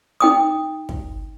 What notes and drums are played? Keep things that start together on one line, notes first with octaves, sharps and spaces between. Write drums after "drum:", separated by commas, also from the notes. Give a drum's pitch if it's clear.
D#4 G5 D#6
drum: kick